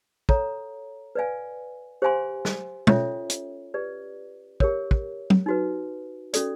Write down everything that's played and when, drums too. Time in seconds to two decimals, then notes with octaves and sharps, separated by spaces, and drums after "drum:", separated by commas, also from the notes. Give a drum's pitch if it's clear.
0.29 A4 C#5 F5 A#5, drum: kick
1.15 B4 D5 F5 G#5
2.02 G4 C5 F5 G#5 C6
2.45 drum: snare
2.87 C#4 F4 A4 C#5 E5, drum: tom
3.30 drum: hi-hat
3.74 G4 B4 D5
4.60 G4 A#4 C#5, drum: kick
4.91 drum: kick
5.30 drum: tom F#3
5.46 D#4 F#4 B4
6.33 C#4 F#4 A4 D5, drum: hi-hat